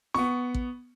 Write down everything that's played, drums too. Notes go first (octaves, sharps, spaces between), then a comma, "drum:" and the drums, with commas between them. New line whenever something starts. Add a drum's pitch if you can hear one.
B3 C#6, drum: snare
drum: kick A1